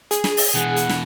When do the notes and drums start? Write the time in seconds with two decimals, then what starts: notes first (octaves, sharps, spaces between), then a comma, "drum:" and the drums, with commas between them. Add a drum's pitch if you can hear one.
0.11 G#4, drum: hi-hat
0.24 drum: snare
0.37 drum: open hi-hat
0.55 B2 E3 F#5
0.76 drum: hi-hat
0.89 drum: snare